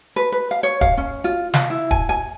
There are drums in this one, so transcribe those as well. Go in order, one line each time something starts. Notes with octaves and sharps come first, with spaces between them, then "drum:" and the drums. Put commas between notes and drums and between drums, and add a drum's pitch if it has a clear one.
B4
B4
F5
C#5
F5, drum: kick
C#4
F4
F5, drum: snare
E4
G#5, drum: kick
G#5